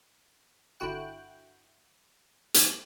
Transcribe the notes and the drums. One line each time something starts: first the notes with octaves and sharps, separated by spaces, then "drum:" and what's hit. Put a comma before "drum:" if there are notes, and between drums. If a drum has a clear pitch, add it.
G1 D3 E4 F#4 G5 F#6
drum: hi-hat